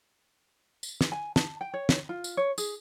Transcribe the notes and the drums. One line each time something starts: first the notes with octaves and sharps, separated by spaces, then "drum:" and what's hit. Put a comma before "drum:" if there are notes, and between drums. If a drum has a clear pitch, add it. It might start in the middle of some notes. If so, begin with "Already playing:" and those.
drum: tambourine
drum: snare
G#5
A5, drum: snare
G5
C#5
drum: snare
F4
drum: tambourine
C#5
G#4, drum: tambourine